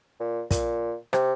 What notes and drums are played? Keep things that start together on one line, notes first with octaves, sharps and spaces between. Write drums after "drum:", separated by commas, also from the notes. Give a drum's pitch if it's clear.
A#2
A#2, drum: kick, hi-hat
C3, drum: rim click